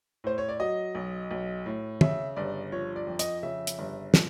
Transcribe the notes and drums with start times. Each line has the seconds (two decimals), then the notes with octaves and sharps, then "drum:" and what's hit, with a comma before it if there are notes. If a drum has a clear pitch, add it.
0.24 A2 C5
0.38 C#5
0.49 D5
0.60 F#3 D#5
0.95 B1
1.31 B1
1.66 A2
2.01 C#3 E5, drum: tom
2.36 G1 D5
2.72 F3 C#5
2.96 D5
3.07 F2
3.19 D#5, drum: hi-hat
3.43 C#3 E5
3.67 drum: hi-hat
3.79 G1
4.14 F3, drum: snare